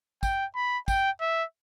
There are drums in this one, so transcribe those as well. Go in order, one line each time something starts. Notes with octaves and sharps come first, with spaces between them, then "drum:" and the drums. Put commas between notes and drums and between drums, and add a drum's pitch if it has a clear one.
G5, drum: kick, tambourine
B5
G5, drum: kick, tambourine
E5